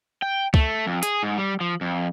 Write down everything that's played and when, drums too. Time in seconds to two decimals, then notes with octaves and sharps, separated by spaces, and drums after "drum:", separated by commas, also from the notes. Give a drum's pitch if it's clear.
0.22 G5
0.54 A3, drum: kick
0.87 F2
1.03 G#4, drum: hi-hat
1.23 G#2
1.38 G3
1.61 F3
1.81 F2